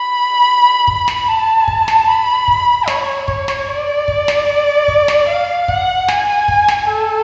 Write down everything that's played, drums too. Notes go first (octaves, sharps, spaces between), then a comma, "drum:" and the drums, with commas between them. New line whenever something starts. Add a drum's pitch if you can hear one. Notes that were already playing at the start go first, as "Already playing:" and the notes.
Already playing: B5
drum: kick
drum: snare
A5
drum: kick
drum: snare
B5
drum: kick
C#5, drum: snare
drum: kick
drum: snare
D5
drum: kick
drum: snare
drum: kick
drum: snare
F5
F#5, drum: kick
G#5, drum: snare
drum: kick
drum: snare
A4